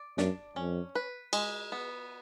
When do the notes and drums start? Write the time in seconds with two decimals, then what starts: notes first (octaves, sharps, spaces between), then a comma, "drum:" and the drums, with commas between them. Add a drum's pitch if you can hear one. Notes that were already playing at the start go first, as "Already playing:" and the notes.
Already playing: D5
0.18 F#2 D4, drum: snare
0.56 F2 C#4
0.95 B4
1.33 G#3, drum: cymbal
1.72 B3